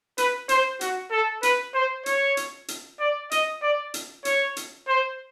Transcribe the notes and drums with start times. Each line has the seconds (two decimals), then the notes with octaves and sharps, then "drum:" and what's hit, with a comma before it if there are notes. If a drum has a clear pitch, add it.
0.18 B4, drum: hi-hat
0.49 C5, drum: hi-hat
0.81 F#4, drum: hi-hat
1.11 A4
1.43 B4, drum: hi-hat
1.74 C5
2.06 C#5, drum: hi-hat
2.37 drum: hi-hat
2.68 drum: hi-hat
3.00 D5
3.31 D#5, drum: hi-hat
3.62 D5
3.94 drum: hi-hat
4.25 C#5, drum: hi-hat
4.57 drum: hi-hat
4.88 C5